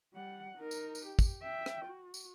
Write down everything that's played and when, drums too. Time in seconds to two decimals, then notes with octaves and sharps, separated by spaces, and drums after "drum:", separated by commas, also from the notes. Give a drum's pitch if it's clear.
0.14 G3 F#5
0.58 D#4 A#4
0.71 drum: tambourine
0.95 drum: tambourine
1.06 G4
1.19 drum: kick, tambourine
1.42 E5 G5
1.66 drum: rim click
1.86 F#4
2.14 drum: tambourine